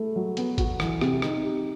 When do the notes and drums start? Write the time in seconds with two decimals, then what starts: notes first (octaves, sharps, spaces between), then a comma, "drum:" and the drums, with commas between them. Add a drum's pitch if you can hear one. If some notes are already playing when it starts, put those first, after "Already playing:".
Already playing: A3 E4 A4
0.16 F#3
0.37 B3, drum: hi-hat
0.58 F#4, drum: kick, hi-hat
0.80 E3, drum: rim click
1.01 C3, drum: rim click
1.22 D#4, drum: rim click
1.45 G4